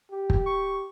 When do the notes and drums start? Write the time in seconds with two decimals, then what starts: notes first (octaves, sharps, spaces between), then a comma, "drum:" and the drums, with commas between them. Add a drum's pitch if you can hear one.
0.11 G4
0.30 drum: kick
0.46 C#6